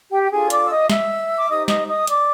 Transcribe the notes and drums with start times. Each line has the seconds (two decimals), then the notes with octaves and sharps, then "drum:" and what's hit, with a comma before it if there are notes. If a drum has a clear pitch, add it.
0.11 G4 G5
0.22 G5
0.31 D4 F4 G#4 A4 G#5
0.50 D5 D6, drum: hi-hat
0.64 E6
0.70 D#5 D#6
0.90 E5 E6, drum: snare
1.37 D6
1.48 D#4 G4 C5 D#5 D#6
1.68 D#5 D#6, drum: snare
1.87 D#5 D#6
2.07 D5 D6, drum: hi-hat